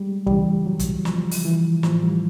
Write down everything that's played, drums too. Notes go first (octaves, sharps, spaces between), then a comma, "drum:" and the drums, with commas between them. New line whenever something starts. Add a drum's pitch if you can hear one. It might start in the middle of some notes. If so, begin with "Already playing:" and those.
Already playing: G3 G#3
F#2 C#3 E3 G3, drum: kick
F#3
drum: kick, hi-hat
F3, drum: snare
drum: open hi-hat
E3
A2 E3 F3, drum: snare
G3